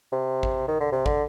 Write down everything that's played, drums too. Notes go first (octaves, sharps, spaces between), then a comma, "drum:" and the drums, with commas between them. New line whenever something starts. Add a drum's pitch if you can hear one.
C3
drum: kick A1
D#3
D3
C3
D3, drum: kick A1